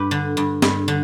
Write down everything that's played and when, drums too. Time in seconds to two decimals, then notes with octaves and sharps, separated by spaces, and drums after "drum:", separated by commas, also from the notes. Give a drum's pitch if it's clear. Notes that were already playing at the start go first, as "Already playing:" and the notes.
Already playing: G2 G4 B4
0.11 D3
0.37 G2
0.62 G2, drum: snare
0.88 D3